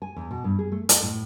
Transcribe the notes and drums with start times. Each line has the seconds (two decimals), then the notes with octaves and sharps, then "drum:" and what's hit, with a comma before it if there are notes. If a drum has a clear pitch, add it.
0.02 G#5
0.16 E2
0.31 B2
0.44 G2
0.59 G#4
0.72 A3
0.89 A4, drum: hi-hat
1.03 A2